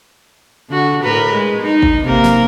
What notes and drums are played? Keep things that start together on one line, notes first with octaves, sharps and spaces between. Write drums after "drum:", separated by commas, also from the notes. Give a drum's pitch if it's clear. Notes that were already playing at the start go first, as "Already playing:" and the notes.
D3 F#4
A2 A#4 B4
G#3
D#4
drum: kick G#1
C3 A#3 A#4
drum: snare